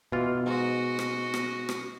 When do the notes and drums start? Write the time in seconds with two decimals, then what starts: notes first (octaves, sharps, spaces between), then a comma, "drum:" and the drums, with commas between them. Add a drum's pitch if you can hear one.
0.12 B2 E3 F4
0.46 G#2 F#4 D#5
0.99 drum: rim click
1.34 drum: rim click
1.69 drum: rim click